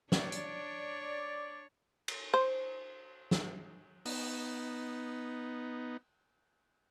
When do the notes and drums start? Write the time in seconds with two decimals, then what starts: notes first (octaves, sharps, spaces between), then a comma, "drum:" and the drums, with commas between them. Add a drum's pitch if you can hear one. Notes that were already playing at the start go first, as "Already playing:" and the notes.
0.12 D4 C#5 D5, drum: snare
0.32 drum: hi-hat
2.08 drum: cymbal
2.34 C5
3.31 drum: snare
4.05 B3 D#4, drum: open hi-hat